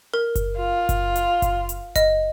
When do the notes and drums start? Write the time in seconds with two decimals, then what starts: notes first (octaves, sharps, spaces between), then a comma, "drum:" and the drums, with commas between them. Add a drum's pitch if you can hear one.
0.14 A#4
0.35 drum: kick F#1, hi-hat
0.57 F4
0.89 drum: kick F#1, hi-hat
1.16 drum: hi-hat
1.42 drum: kick F#1, hi-hat
1.69 drum: hi-hat
1.96 D#5, drum: kick F#1, hi-hat